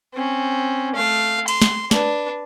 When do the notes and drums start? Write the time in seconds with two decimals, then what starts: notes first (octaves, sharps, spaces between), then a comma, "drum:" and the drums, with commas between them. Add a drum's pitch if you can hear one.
0.13 C4 C#4
0.95 A3 F5
1.48 C6, drum: cymbal
1.62 drum: snare
1.91 D4 B4, drum: snare